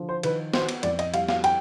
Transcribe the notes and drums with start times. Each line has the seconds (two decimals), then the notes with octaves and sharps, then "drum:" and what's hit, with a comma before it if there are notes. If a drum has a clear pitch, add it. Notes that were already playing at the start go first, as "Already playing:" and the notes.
Already playing: D3 F3
0.09 C5
0.23 D#3 B4, drum: cymbal
0.54 B3 C5, drum: snare
0.69 drum: cymbal
0.83 F2 D5, drum: cymbal
0.99 D#5, drum: cymbal
1.14 G3 F5, drum: cymbal
1.28 F5, drum: snare
1.44 G5, drum: cymbal